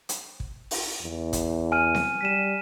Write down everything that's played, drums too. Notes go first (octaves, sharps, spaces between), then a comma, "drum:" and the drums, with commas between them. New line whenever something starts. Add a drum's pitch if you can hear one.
drum: hi-hat
drum: kick
drum: open hi-hat
E2
drum: kick, hi-hat
G#5 F6 D#7
drum: snare C4
G3 B6 D#7 E7